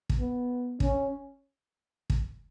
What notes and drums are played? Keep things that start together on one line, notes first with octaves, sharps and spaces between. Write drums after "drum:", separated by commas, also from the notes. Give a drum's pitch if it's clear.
drum: kick
B3
C#4, drum: kick
drum: kick